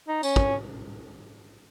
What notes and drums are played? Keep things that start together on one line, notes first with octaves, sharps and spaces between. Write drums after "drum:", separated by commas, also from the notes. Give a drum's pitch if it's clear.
D#4
C#4, drum: tambourine
drum: kick